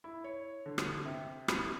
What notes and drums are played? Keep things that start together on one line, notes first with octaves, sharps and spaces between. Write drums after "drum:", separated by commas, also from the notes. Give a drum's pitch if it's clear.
E4
C#5
D3
drum: rim click
C3
B5, drum: rim click